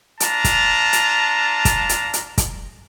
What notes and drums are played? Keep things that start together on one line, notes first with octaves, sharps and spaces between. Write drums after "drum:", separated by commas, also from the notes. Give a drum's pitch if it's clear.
D4 F4 A5 A#5, drum: hi-hat
drum: kick, hi-hat
drum: hi-hat
drum: kick, hi-hat
drum: hi-hat
drum: hi-hat
drum: kick, hi-hat